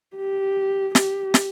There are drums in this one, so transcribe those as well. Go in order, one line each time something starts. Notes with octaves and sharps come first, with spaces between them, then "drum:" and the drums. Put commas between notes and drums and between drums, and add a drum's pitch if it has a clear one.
G4
G4, drum: snare
drum: snare